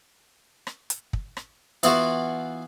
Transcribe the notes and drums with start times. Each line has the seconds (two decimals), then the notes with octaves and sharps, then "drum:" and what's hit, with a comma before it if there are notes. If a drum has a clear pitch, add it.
0.67 drum: rim click
0.90 drum: hi-hat
1.13 drum: kick
1.37 drum: rim click
1.83 E3 B3 F4 F#4, drum: hi-hat